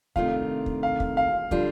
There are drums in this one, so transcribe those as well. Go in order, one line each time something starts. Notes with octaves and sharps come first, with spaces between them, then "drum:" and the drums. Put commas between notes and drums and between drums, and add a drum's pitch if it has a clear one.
C3 D#3 A3 D4 F4 F5, drum: kick
drum: kick
F5
drum: kick
F5
D3 G3 D4 F4, drum: kick